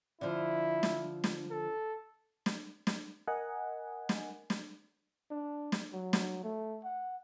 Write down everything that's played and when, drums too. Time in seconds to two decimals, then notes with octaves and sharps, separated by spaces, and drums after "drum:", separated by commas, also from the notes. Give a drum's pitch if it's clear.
0.21 D3 F3 E4
0.83 drum: snare
1.24 drum: snare
1.51 A4
2.46 drum: snare
2.87 drum: snare
3.27 A#4 D#5 F#5 G#5
4.09 drum: snare
4.50 drum: snare
5.31 D4
5.72 drum: snare
5.93 F#3
6.13 drum: snare
6.44 A3
6.84 F#5